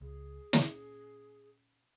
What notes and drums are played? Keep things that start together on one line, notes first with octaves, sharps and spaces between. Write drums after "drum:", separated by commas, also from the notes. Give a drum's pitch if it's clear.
C#2 G#4
A#2 C#4, drum: snare